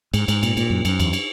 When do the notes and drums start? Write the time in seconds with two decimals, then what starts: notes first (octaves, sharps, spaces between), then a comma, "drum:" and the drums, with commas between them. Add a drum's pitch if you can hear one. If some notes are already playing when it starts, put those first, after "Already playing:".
0.14 G#2, drum: cymbal
0.28 G#2, drum: cymbal
0.43 A#2, drum: cymbal
0.57 A#2, drum: cymbal
0.70 F#2
0.85 F#2, drum: cymbal
1.00 E2, drum: cymbal
1.13 drum: cymbal